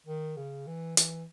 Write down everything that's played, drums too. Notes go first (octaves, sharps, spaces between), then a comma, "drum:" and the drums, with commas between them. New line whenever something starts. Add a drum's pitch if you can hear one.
D#3
C#3
E3
E3, drum: hi-hat